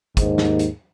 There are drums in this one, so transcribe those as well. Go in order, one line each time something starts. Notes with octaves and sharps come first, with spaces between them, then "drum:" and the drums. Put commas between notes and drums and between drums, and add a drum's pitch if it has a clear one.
D#2 G#2, drum: kick, hi-hat
drum: snare
drum: hi-hat